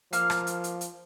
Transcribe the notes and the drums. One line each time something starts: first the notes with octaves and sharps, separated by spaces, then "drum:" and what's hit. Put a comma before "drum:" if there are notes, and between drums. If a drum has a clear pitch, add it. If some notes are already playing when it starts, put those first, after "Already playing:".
F3 A#3 F5 F6, drum: hi-hat
drum: rim click
drum: hi-hat
drum: hi-hat
drum: hi-hat